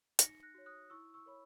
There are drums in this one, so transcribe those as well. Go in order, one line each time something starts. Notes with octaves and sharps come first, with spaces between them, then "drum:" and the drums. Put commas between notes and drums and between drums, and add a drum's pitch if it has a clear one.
D#4 A#6 C#7, drum: hi-hat
F#6 A#6
F#4 C#5
D#6 F#6
E4 C#6 E6
C#6 E6
A#4 C#5 B5